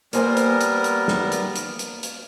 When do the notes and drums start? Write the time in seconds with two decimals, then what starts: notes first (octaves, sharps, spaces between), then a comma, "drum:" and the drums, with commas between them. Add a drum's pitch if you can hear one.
0.13 G3 A#3 B3 A#4 C5 G#5, drum: hi-hat
0.37 drum: hi-hat
0.61 drum: hi-hat
0.84 drum: hi-hat
1.08 drum: snare
1.32 drum: hi-hat
1.56 drum: hi-hat
1.79 drum: hi-hat
2.03 drum: hi-hat